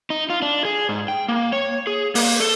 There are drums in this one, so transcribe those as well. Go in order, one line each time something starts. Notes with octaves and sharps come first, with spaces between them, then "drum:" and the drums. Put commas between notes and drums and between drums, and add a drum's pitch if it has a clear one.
D#4
F4
D4
G#4
G#2
G5
A#3
C#5
G#4
A#3, drum: open hi-hat
A4